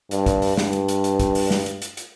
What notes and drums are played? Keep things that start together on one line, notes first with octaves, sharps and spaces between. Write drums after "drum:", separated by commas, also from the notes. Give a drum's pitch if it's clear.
G2, drum: hi-hat
drum: kick, hi-hat
drum: open hi-hat
G2, drum: snare
drum: hi-hat
drum: hi-hat
drum: hi-hat
drum: kick, hi-hat
drum: open hi-hat
drum: snare
drum: hi-hat
drum: hi-hat
drum: hi-hat